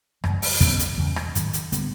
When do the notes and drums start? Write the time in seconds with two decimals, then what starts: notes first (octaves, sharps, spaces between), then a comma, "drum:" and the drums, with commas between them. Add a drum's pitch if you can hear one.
0.24 F#2 C#3 E3 G3, drum: rim click
0.42 drum: open hi-hat
0.61 C#3 F#3 B3, drum: kick, hi-hat
0.79 drum: hi-hat
0.98 E2 C#3 E3 G3
1.16 drum: rim click
1.35 G#2 D#3 F#3, drum: hi-hat
1.53 drum: hi-hat
1.72 D3 G3 B3, drum: hi-hat